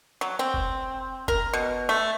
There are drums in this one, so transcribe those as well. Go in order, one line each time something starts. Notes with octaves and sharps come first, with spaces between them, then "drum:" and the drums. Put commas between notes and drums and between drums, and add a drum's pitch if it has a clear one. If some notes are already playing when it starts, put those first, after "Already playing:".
F#3
C4
drum: kick F1
A#4, drum: kick F1
B2
A3